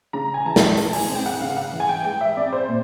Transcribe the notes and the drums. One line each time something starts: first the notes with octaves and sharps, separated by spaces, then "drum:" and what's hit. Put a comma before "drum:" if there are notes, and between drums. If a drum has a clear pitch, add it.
C#3 A#5
G#5
E3 A5
drum: snare
G#3, drum: open hi-hat
G#5, drum: open hi-hat
C4
G5
F#5
C#3 F5
F#5
E3
G#5
G5
G#3 G5
E5
C4 D5
C5
A#2